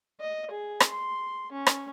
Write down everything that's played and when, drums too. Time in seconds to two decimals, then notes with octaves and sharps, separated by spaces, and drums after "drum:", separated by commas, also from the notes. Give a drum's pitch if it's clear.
0.20 D#5
0.51 G#4
0.80 drum: rim click
0.89 C6
1.52 C#4
1.67 drum: rim click